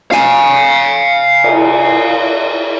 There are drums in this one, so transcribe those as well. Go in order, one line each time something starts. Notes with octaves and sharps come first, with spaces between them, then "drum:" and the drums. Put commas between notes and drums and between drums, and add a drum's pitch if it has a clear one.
F5 G#5, drum: snare
drum: cymbal